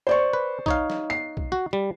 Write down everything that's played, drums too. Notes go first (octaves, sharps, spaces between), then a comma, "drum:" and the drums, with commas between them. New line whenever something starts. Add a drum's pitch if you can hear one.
C5 D5 C#6
B4
D#4 C#5 F5, drum: kick B1
drum: snare
C7
drum: kick B1
F#4
G3